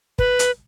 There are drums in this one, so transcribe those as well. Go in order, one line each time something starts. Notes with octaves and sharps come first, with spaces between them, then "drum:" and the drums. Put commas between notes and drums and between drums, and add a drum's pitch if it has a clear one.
B4, drum: kick
drum: hi-hat